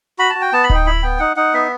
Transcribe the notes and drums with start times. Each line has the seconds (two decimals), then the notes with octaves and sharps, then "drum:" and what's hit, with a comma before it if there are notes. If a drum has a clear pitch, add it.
0.19 F#4 B5
0.30 A5
0.35 F#4
0.41 G5
0.52 B3 A5
0.64 B5
0.70 D#4, drum: kick D1
0.75 G5
0.86 E4 B5
1.03 B3 G5
1.19 D#4 F#5
1.36 D#4 F#5
1.53 B3 E5